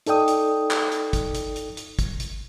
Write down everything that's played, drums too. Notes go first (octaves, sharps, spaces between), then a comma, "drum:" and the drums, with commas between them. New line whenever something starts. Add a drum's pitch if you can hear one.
D#4 A4 D5 G5 D#6, drum: hi-hat
drum: hi-hat
drum: clap
drum: hi-hat
drum: kick, hi-hat
drum: hi-hat
drum: hi-hat
drum: hi-hat
drum: kick, hi-hat
drum: hi-hat